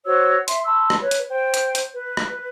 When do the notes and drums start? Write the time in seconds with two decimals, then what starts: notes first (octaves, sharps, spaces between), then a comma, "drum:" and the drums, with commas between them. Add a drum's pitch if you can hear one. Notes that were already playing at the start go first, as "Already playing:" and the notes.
0.05 F#4 C5 C#5 E6
0.48 E5 C6, drum: hi-hat
0.65 A5 B5 C6 E6
0.90 drum: rim click
1.01 B4 C#5
1.11 drum: hi-hat
1.28 C5 G5
1.54 drum: hi-hat
1.75 drum: hi-hat
1.92 B4
2.17 drum: rim click